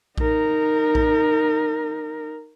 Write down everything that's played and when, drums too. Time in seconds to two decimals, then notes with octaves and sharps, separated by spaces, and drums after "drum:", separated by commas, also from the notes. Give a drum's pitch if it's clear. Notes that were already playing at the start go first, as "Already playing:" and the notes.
0.18 D#4 A#4, drum: kick A#1
0.95 drum: kick A#1